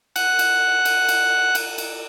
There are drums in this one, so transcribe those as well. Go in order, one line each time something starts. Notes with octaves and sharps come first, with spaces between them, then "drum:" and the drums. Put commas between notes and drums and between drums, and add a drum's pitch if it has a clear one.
F#5 F#6, drum: cymbal
drum: cymbal
drum: cymbal
drum: cymbal
drum: cymbal
drum: cymbal